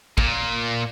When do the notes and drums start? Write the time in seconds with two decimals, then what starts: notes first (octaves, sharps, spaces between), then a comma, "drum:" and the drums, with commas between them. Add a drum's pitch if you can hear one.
0.18 A#2, drum: kick